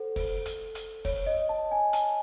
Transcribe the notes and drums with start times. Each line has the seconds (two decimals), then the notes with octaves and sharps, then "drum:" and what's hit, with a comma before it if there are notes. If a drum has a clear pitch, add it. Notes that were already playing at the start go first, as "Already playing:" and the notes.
Already playing: A4 C5 F#5
0.16 C5, drum: kick, open hi-hat
0.46 drum: hi-hat
0.75 drum: hi-hat
1.05 C#5, drum: kick, open hi-hat
1.27 D#5
1.49 A5
1.71 G#5
1.93 A5, drum: hi-hat